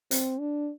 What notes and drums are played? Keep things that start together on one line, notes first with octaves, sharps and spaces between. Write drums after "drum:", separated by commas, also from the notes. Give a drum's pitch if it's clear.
C4, drum: hi-hat
D4